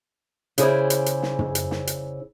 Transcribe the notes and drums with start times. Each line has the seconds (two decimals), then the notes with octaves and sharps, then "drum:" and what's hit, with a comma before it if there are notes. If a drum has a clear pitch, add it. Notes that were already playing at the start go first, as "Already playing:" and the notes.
0.58 C#3 E4 G#4 C5 D5, drum: hi-hat
0.90 drum: hi-hat
1.06 drum: hi-hat
1.23 drum: snare
1.39 drum: tom
1.55 drum: hi-hat
1.71 drum: snare
1.87 drum: hi-hat